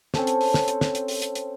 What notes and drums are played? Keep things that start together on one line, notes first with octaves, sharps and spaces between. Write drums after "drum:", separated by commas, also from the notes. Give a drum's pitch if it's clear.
C4 C#4 A4 C5, drum: snare
drum: hi-hat
drum: open hi-hat
drum: snare
drum: hi-hat
drum: snare
drum: hi-hat
drum: open hi-hat
drum: hi-hat
drum: hi-hat